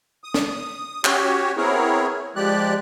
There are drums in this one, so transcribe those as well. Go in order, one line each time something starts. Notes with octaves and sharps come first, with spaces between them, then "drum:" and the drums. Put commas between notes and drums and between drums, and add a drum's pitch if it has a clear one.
D#6
drum: snare
C#4 F#4 G4 C#5, drum: clap
B3 C4 E4 G#4 A#4 C#5
F3 G#3 G4 D5 F#6